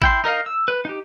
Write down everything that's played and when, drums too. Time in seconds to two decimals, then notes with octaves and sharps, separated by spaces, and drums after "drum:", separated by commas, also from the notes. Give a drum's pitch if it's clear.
0.02 E4 G5 C6, drum: kick A1
0.24 D#4 A#4 D#5 F5
0.46 E6
0.68 B4
0.85 D#4 G4